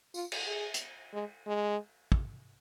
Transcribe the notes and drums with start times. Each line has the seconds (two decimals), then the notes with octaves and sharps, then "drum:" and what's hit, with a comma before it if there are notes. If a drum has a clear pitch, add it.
0.14 F4, drum: tambourine
0.32 drum: cymbal
0.47 G#4
0.74 drum: hi-hat
1.14 G#3
1.47 G#3
2.12 drum: kick